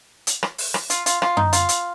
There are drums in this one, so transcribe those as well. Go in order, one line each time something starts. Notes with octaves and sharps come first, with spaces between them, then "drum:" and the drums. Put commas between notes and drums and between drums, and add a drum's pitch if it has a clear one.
drum: hi-hat
drum: rim click
drum: open hi-hat
drum: rim click
F4, drum: hi-hat
F4, drum: hi-hat
F4, drum: rim click
D#4, drum: tom F#2
F4, drum: hi-hat
drum: hi-hat